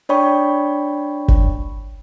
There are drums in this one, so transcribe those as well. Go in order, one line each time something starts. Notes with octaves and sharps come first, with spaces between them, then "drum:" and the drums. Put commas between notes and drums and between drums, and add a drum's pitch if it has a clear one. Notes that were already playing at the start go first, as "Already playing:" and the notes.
D4 C#5 D5 G5 B5 C#6
drum: kick